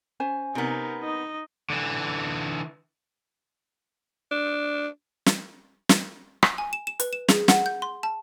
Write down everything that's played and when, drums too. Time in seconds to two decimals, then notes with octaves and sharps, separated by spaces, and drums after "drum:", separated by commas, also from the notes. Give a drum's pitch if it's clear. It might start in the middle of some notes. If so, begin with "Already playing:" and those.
0.20 C#4 C5 G#5
0.55 C3 B3 D#4 A#4
1.02 D#4 D#5
1.70 D3 E3
4.31 D4
5.26 drum: snare
5.89 drum: snare
6.43 C7, drum: rim click
6.58 G#5
6.73 E7
6.87 E7
7.00 B4, drum: hi-hat
7.13 E7
7.28 G#4, drum: snare
7.48 F#5, drum: snare
7.66 G6
7.82 C6
8.03 A5